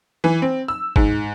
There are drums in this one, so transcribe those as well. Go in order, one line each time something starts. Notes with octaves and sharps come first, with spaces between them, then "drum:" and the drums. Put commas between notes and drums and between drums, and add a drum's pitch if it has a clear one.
E3
C4
E6
G#2, drum: kick